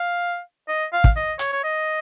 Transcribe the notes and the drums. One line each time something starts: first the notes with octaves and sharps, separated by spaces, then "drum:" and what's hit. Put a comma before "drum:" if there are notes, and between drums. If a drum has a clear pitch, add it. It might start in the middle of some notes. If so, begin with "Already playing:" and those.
Already playing: F5
D#5
F5
drum: kick
D#5
C#5, drum: hi-hat
C#5
D#5